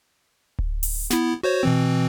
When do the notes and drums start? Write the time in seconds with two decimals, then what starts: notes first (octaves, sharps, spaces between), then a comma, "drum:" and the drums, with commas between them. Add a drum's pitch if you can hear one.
0.59 drum: kick D1
0.83 drum: open hi-hat
1.10 B3 E4, drum: snare
1.43 F#4 C5 C#5
1.63 B2 E3 C4